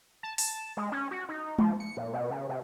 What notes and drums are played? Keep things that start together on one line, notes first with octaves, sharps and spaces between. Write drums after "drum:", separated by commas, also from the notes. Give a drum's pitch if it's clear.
A5
A5, drum: open hi-hat
G#3
C#4
F#4
D#4
F3, drum: tom G#3
C#7
A#2
B2
C#3
C3